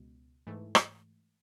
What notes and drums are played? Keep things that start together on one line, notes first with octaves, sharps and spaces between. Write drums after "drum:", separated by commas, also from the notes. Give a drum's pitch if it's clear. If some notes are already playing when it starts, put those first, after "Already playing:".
Already playing: C#2 B2
G#2 E3 A3
drum: rim click